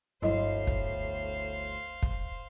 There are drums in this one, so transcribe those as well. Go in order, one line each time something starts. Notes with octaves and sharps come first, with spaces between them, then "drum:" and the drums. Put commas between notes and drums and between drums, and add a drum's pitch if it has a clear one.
G1 D2 A2 F#3 E4 C5 D#5 F5
drum: kick
drum: kick